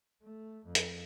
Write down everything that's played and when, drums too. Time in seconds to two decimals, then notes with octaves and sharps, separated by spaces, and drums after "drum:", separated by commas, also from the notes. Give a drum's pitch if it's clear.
0.22 A3
0.65 F2
0.75 drum: hi-hat